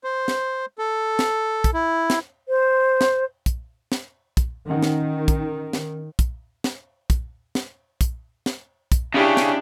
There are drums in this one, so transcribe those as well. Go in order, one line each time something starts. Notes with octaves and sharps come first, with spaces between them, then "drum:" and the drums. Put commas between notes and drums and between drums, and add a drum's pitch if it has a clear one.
C5
drum: snare
A4
drum: snare
drum: kick, hi-hat
E4
drum: snare
C5
drum: snare
drum: kick, hi-hat
drum: snare
drum: kick, hi-hat
D#3 C#4 D#5 F#5
drum: snare
drum: kick, hi-hat
drum: snare
drum: kick, hi-hat
drum: snare
drum: kick, hi-hat
drum: snare
drum: kick, hi-hat
drum: snare
drum: kick, hi-hat
C#3 D4 E4 G4
drum: snare